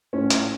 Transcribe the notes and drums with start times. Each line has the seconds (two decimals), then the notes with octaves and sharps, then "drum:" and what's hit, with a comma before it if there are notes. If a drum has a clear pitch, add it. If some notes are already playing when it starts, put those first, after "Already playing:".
0.13 A2 C#4
0.30 drum: hi-hat